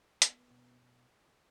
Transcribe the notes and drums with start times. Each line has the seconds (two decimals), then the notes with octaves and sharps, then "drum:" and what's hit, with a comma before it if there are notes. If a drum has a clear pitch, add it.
0.22 B3, drum: hi-hat
0.51 B2